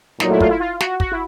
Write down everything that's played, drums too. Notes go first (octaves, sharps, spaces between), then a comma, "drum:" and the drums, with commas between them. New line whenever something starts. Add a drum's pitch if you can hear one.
A#2 F#3 A3 D#4, drum: snare
E4
F4, drum: kick
E4
F4
F#4, drum: snare
F#4, drum: kick
E4